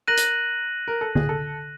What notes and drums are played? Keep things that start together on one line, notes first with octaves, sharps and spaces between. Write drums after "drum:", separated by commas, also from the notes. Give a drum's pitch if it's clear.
A#4 F#6 A#6 D#7 F#7
drum: hi-hat
A#4
A4
G#4, drum: tom D3
A4